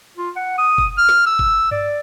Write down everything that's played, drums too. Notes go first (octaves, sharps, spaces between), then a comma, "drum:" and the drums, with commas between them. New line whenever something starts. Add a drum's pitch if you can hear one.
F4
F#5
D#6
drum: kick F#1
F6
drum: snare
E6
drum: kick F#1
D5, drum: tom G2